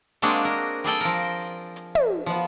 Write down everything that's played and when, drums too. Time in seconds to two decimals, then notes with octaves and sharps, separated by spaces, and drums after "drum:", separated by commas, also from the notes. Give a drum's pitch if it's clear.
0.22 G#3 A#3 C4 D4 F#4 G#4
0.45 A#4
0.84 G3 G#4 A4 G5
1.01 F3 A#4
1.76 drum: hi-hat
1.95 drum: tom
2.26 F3 B3